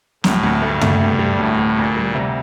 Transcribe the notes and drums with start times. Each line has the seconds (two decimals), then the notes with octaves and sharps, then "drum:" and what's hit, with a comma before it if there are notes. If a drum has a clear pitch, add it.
0.24 D2 A2, drum: snare
0.43 D2
0.62 G2 A3
0.81 A3, drum: tom
1.00 D2 G2
1.19 G3
1.39 D2 A2
1.58 D2
1.76 D2 A#2
1.97 G3
2.15 C3